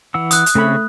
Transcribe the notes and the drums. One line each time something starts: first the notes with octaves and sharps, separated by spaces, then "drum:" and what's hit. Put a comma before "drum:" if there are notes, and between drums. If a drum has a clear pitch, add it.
E3 F#5 E6
D#6 F#6, drum: hi-hat
drum: hi-hat
C#3 A3 C4 C#5 B5